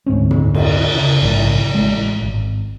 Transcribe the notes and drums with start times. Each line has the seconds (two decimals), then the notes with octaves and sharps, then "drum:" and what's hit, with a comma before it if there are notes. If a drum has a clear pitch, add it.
0.06 D2 G#2 C4 C#4
0.31 drum: tom
0.54 drum: cymbal
0.96 C#3
1.22 A#1 G#2 C#3
1.75 A1 G#3
2.22 G#1